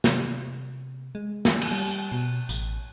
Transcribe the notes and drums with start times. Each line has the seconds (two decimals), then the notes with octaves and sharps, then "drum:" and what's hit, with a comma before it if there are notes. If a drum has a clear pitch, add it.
0.04 C3, drum: snare
1.15 G#3
1.45 drum: snare
1.62 drum: cymbal
1.71 G3
2.12 B2
2.49 A1, drum: tambourine